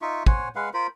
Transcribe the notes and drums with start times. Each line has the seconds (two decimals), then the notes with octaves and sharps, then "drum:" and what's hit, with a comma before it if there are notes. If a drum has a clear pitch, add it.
0.02 D#4 F4 E5 C#6
0.26 C5 C#5 F#5 G#5, drum: kick
0.55 G#3 B4 F5 F#5
0.73 F4 A#4 C5 B5